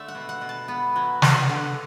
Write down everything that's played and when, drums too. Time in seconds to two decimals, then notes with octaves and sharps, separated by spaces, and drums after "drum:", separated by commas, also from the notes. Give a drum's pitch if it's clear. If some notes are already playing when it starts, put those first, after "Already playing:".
Already playing: D3 A3 E5
0.08 F#5
0.15 B2
0.29 F#5
0.41 B2
0.49 A5
0.68 B3
0.96 F#3
1.22 F#3, drum: snare
1.49 D3 F#5